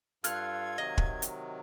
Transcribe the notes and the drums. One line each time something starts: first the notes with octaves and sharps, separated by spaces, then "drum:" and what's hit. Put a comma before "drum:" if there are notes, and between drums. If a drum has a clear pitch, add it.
G2 F4 A4 F5 F6 F#6 G#6, drum: hi-hat
C3 D#3 F#3 D#5
drum: kick
drum: hi-hat